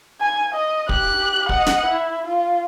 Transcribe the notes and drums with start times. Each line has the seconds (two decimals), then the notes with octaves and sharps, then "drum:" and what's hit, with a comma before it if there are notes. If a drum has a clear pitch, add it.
0.20 G#5
0.55 D#5
0.89 G4 F#6, drum: kick
1.49 D#5 F#5, drum: kick
1.67 drum: snare
1.86 E4
2.27 F4